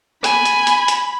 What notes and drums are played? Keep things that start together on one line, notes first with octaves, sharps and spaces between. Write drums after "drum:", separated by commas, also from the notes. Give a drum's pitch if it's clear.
G#5 B5, drum: hi-hat
drum: hi-hat
drum: hi-hat
drum: hi-hat